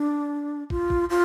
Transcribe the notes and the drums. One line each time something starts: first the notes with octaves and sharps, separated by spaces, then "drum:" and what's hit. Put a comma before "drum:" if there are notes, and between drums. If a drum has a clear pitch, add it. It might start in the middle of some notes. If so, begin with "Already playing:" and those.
Already playing: D4
F4, drum: kick
drum: kick
F4